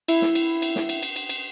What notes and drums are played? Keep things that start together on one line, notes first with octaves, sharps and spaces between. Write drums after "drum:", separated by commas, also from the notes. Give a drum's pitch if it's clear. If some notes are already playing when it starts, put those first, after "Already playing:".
E4, drum: cymbal
drum: snare
drum: cymbal
drum: cymbal
drum: snare
drum: cymbal
drum: cymbal
drum: cymbal
drum: cymbal